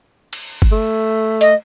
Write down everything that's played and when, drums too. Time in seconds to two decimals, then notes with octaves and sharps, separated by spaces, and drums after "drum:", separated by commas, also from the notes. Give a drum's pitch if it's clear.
0.33 drum: cymbal
0.62 drum: kick G1
0.72 A3
1.41 D#5, drum: hi-hat